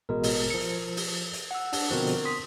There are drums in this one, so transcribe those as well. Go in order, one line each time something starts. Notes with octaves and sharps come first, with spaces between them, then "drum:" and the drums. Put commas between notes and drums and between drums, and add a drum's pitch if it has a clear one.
A1 B2 G#3 A#4
drum: open hi-hat
F3 C#7
drum: hi-hat
drum: open hi-hat
drum: hi-hat
F#5 E6
D4, drum: open hi-hat
B2 D3 F3 C4 F#4 A#4
drum: hi-hat
C6 D#6 B6